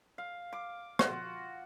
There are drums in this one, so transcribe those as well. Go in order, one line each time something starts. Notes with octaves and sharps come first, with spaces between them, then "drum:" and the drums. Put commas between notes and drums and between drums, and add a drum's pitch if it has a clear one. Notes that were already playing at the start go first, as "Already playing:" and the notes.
F5
D6
F4 F#4, drum: rim click